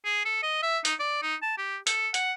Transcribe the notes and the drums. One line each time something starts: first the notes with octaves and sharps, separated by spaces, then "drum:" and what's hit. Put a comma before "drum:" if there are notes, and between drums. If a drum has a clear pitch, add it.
G#4
A4
D#5
E5
D#4, drum: hi-hat
D5
D#4
A5
G4
A4, drum: hi-hat
F#5, drum: hi-hat